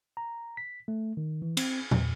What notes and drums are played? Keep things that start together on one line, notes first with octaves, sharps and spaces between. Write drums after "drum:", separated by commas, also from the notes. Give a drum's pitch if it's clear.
A#5
B6
A3
D#3
E3
C4, drum: cymbal
E2, drum: tom A#2